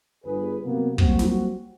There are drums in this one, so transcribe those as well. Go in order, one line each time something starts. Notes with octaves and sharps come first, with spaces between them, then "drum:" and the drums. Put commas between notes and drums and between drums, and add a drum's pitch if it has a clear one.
G1 G#4 B4
C3 F#3 A#3 B3
F#3 G3 A#3 C4 F#4, drum: kick
drum: snare